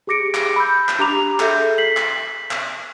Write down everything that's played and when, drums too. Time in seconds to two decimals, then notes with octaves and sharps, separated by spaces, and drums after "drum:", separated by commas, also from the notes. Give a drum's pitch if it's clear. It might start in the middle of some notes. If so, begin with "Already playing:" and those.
0.07 G4 G#4 D6 A#6 C#7 D7
0.34 drum: clap
0.56 B5 E6 G6
0.89 drum: clap
0.99 D4 G4 A#5 D6 F7
1.40 G#4 A4 E5 G6, drum: clap
1.78 B6 C7 F#7
1.97 drum: clap
2.51 drum: clap